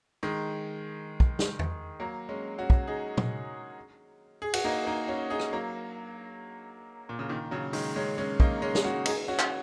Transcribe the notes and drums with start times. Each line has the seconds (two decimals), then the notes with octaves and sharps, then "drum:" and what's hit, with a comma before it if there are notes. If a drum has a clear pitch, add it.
0.23 D#3 G#3
1.20 drum: kick
1.39 drum: snare
1.59 drum: tom E2
2.00 F#3 A#3
2.29 G#3 C#4
2.58 C#4 F#4
2.70 drum: kick
2.87 D#4 G#4
3.17 drum: tom
4.42 G#4
4.54 F#4, drum: cymbal
4.64 A#3 D#4
4.87 A#3 D#4
5.08 C#4 F#4
5.30 D#4 G#4
5.40 drum: rim click
5.52 F#3 A#3
7.09 A#2
7.19 C#3
7.29 A#2 D#3
7.51 C#3 F#3
7.73 D#3 G#3, drum: open hi-hat
7.96 G#3 C#4
8.18 G#3 C#4
8.40 A#3 D#4, drum: kick
8.62 G#3 C#4
8.75 drum: snare
8.84 C#4 F#4
9.06 D#4 G#4, drum: cymbal
9.28 C#4 F#4
9.39 drum: clap